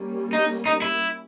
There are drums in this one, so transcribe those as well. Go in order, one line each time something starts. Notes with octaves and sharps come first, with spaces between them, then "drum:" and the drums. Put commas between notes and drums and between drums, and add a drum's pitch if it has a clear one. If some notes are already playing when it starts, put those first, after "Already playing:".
Already playing: G3 A#3 C#4
D#4, drum: open hi-hat
D#4, drum: hi-hat
E4